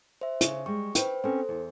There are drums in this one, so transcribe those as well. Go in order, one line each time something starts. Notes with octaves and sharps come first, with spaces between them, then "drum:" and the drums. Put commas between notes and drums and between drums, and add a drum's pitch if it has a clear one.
C5 E5
C#3, drum: hi-hat
G3 G#3 C#6
B4 C5 E5 G5, drum: hi-hat
C4 C#4 A4 C5
E2